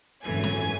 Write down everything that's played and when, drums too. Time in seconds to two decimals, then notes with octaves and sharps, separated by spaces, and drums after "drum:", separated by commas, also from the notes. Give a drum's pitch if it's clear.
0.22 G#1 F#2 E3 A3 G#5
0.44 drum: snare